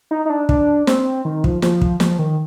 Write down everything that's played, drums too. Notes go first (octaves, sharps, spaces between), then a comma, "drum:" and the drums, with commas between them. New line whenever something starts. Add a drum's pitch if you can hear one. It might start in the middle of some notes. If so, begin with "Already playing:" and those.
D#4
D#4
D4
D4, drum: kick
C4, drum: snare
D#3
F3, drum: kick
F3, drum: snare
drum: kick
F3, drum: snare
D#3